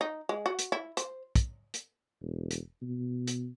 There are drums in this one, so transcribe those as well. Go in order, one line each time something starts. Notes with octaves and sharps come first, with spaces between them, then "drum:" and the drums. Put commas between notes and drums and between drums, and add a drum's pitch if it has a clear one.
D#4
G#3
F#4
drum: hi-hat
E4
C5, drum: hi-hat
drum: kick, hi-hat
drum: hi-hat
E1
drum: hi-hat
B2
drum: hi-hat